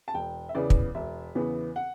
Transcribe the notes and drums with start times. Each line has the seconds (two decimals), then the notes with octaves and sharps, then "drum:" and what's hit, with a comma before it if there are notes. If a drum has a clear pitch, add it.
0.08 A5
0.14 E1 G5
0.49 E5
0.55 E2 C#3 E3 B3 D5
0.70 drum: kick
0.95 E1 E5
1.35 E2 C#3 E3 B3
1.76 F#5